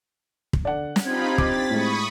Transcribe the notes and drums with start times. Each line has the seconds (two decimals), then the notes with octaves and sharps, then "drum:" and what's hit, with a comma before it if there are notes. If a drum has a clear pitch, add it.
0.53 drum: kick
0.65 D3 D5 F#5
0.96 drum: snare
1.05 C4 D4 D#4 F4 G4 B5 G#6
1.38 D6 A6 B6, drum: kick
1.71 A2 G#3 B5 C#6 D#6